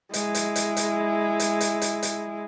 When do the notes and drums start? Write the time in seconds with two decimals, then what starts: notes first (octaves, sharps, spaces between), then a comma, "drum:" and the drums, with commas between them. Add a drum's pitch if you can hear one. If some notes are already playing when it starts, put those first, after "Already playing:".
0.14 G#3 E4, drum: hi-hat
0.35 drum: hi-hat
0.56 drum: hi-hat
0.77 drum: hi-hat
1.40 drum: hi-hat
1.61 drum: hi-hat
1.82 drum: hi-hat
2.03 drum: hi-hat